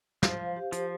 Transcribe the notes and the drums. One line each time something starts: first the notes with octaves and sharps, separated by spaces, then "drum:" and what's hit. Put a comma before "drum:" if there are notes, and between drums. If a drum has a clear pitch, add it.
F3 C5, drum: snare
F5
G4
F3 C5, drum: hi-hat